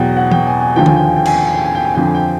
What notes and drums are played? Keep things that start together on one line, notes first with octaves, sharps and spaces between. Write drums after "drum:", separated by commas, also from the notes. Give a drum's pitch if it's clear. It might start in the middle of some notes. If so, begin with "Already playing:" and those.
Already playing: E2 B2 F#3 F#5 G5
F#5
G5, drum: tom E3
G#5
G#5
D#2 D3 F3 G5
G#5, drum: tom D3
G5
G#5
G5
G#5, drum: cymbal
G5
G#5
G5
G#5
G5
G#5
F2 D3 F3 G5
G#5
G5